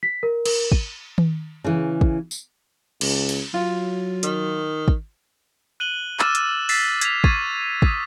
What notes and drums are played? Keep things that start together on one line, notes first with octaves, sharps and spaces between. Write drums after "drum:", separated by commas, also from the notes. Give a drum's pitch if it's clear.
B6
A#4
A#4, drum: cymbal
D#7, drum: kick
drum: tom D#3
C#3 E3
drum: kick
drum: tambourine
C#2, drum: cymbal
drum: cymbal
F#3 F4
D#3, drum: hi-hat
drum: kick
F#6 D#7 F#7 G7
D6 E6 F6 A6 E7, drum: clap
drum: hi-hat
E6 A6 B6 C7 E7, drum: open hi-hat
G#6 B6 E7 F7, drum: hi-hat
C#6 G#6 A6 D#7, drum: kick
D#6 B6, drum: kick